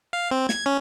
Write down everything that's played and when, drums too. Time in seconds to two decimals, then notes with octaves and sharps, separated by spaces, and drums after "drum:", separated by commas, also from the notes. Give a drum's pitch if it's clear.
0.13 F5
0.31 C4
0.49 G#6, drum: snare
0.66 C#4